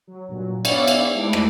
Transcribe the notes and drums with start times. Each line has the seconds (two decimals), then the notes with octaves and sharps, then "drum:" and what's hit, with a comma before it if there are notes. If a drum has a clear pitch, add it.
0.07 F#3
0.28 G2 A#2 F#3
0.65 B3 C#5 D5 E5 F5, drum: cymbal
0.88 drum: cymbal
1.15 G#3 A3 D4 E4 D6
1.33 drum: rim click